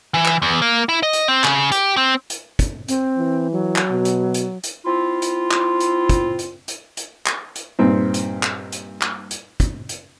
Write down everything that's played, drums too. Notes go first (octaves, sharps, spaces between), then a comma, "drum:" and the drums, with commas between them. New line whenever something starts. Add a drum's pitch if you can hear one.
E3
drum: clap
E2
A#3
E4
D#5
drum: hi-hat
C4
C#3, drum: clap
G4, drum: hi-hat
C4
drum: hi-hat
drum: kick, hi-hat
C4, drum: hi-hat
E3
F#3
drum: clap
B2
drum: hi-hat
drum: hi-hat
drum: hi-hat
C4 E4 F4
drum: hi-hat
drum: clap
drum: hi-hat
drum: kick, hi-hat
drum: hi-hat
drum: hi-hat
drum: hi-hat
drum: clap
drum: hi-hat
G2 A#2 C4 D#4
drum: hi-hat
drum: clap
drum: hi-hat
drum: clap
drum: hi-hat
drum: kick, hi-hat
drum: hi-hat